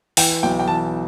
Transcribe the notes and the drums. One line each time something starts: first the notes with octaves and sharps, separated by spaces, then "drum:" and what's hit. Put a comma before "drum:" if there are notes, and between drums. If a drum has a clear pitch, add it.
E3 G5, drum: open hi-hat
B1 G5
G5
E3 A5